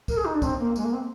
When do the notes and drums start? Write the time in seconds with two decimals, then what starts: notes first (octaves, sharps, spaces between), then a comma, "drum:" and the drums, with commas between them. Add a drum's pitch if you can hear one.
0.08 A#4, drum: kick, tambourine
0.16 G#4
0.25 D#4
0.34 D4
0.42 C4, drum: kick, tambourine
0.59 A#3
0.76 G#3, drum: tambourine
0.84 A#3
0.93 C4